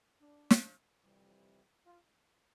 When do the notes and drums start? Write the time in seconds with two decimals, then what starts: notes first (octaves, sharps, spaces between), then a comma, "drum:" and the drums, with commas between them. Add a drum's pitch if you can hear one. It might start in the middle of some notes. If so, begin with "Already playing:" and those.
0.21 D4
0.50 drum: snare
1.03 F2 C3 E3 G3
1.86 F4